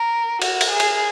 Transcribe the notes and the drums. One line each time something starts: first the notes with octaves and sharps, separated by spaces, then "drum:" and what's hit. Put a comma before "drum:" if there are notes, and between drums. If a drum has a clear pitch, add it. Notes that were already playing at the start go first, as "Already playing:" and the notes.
Already playing: A#4
F#4, drum: cymbal
drum: cymbal
G#4
drum: cymbal